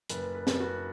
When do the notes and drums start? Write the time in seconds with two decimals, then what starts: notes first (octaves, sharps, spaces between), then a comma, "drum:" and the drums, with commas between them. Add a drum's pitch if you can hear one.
0.10 F#1 B4, drum: hi-hat
0.35 B4
0.47 F#1, drum: snare
0.60 F#4